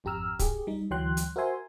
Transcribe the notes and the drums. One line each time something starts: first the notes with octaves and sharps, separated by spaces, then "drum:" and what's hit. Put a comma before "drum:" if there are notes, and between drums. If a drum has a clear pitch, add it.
G#1 F2 G4 A#5 E6 F6
G4 G#4, drum: kick, hi-hat
G3 D#4
D2 E3 F#3 G5 C6 F#6
drum: hi-hat
F#4 A#4 C5 E5 G#5 C6